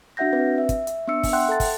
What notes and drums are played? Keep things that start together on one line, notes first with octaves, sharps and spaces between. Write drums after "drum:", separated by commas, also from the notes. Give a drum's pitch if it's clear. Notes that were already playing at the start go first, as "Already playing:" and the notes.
D4 F#4 E5 F#5 G6 A#6
C4 B4
E5
drum: kick, hi-hat
drum: hi-hat
B3 D4 E5 E6 C#7
drum: kick, open hi-hat
E5 F#5 G5 C6 F#6
A4 A5 A6
drum: kick, open hi-hat